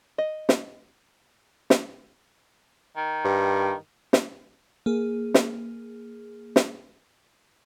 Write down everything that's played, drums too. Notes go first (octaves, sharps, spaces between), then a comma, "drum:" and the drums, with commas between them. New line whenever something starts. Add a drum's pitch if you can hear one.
D#5
drum: snare
drum: snare
D#3
G2
drum: snare
A#3 G#4
drum: snare
drum: snare